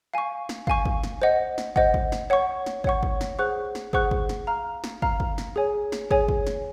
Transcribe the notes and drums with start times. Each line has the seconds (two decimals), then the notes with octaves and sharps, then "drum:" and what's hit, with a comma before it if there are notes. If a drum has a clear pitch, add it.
0.14 F5 G#5 C#6
0.49 drum: snare
0.67 F5 G#5 C#6, drum: kick
0.85 drum: kick
1.04 drum: snare
1.22 C5 D#5 F#5
1.58 drum: snare
1.76 C5 D#5 F#5, drum: kick
1.94 drum: kick
2.12 drum: snare
2.30 C#5 F#5 C#6
2.66 drum: snare
2.84 C#5 F#5 C#6, drum: kick
3.03 drum: kick
3.21 drum: snare
3.39 G#4 C5 F#5 C#6 F#6
3.75 drum: snare
3.93 G#4 C5 F#5 C#6 F#6, drum: kick
4.11 drum: kick
4.29 drum: snare
4.47 F5 A#5 F6
4.84 drum: snare
5.02 F5 A#5 F6, drum: kick
5.20 drum: kick
5.38 drum: snare
5.56 G#4 C#5 G#5
5.92 drum: snare
6.11 G#4 C#5 G#5, drum: kick
6.28 drum: kick
6.47 drum: snare